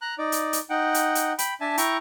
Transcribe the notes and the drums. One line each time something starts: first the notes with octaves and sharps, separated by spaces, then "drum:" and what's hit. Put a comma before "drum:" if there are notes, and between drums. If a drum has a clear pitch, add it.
A#5 F#6
D#4 D5
drum: hi-hat
drum: hi-hat
D#4 F#5 G5
drum: hi-hat
drum: hi-hat
G5 B5, drum: hi-hat
D4 E5 G#5 A5
E4 G5 A#5 C#6, drum: hi-hat